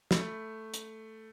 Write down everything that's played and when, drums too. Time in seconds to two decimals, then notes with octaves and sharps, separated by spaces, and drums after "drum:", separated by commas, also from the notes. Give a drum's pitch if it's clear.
0.11 A3 B5, drum: snare
0.74 drum: hi-hat